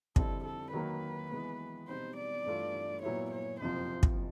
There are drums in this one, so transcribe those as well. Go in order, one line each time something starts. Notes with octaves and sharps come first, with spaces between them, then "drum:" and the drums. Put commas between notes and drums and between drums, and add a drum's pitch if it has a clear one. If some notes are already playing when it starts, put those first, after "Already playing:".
F2 D3 G3 C4 E4 A4, drum: kick
A4
D#3 F#3 A#3 B4
E3 G#3 B3
B2 G3 C4 D#4 C5
D5
G2 E3 A3 D4 F4
A#2 F#3 B3 E4 C#5
C#5
F#1 F2 C3 F3 C5
drum: kick